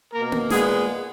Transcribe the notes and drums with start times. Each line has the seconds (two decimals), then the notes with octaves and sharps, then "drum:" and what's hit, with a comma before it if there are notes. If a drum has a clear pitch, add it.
0.13 B2 A#3 A#4
0.32 drum: tom A#3
0.50 A#2 G#3 B3 G#4, drum: snare